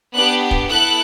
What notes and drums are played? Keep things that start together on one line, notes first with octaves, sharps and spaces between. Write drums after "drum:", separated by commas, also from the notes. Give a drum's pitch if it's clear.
B3 D4 G4 F#6
drum: kick
B3 E4 A4 F#6